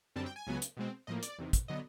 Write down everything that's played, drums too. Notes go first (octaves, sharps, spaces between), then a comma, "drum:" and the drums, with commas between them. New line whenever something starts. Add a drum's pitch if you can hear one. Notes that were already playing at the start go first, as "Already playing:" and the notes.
F#2 D3 G3 C4 A5
G5
G#5
C#2 C#3 F#3 B3
drum: hi-hat
B2 G#3 C4
A2 F3 A#3 D#5
D5, drum: hi-hat
E2 C3 D#3
drum: kick, hi-hat
D3 F#3 B3 D#5